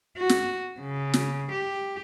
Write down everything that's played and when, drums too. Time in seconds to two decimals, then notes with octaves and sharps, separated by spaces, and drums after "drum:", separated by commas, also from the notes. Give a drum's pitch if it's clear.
0.18 F#4
0.29 drum: snare
0.80 C#3
1.14 drum: snare
1.52 G4